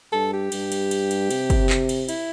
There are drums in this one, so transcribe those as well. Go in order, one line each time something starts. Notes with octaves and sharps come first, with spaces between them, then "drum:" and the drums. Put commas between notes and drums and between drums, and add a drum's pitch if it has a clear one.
G2 A4
G4
G2, drum: cymbal
drum: cymbal
drum: cymbal
drum: cymbal
C3, drum: cymbal
drum: kick, cymbal
drum: clap
drum: cymbal
E4, drum: cymbal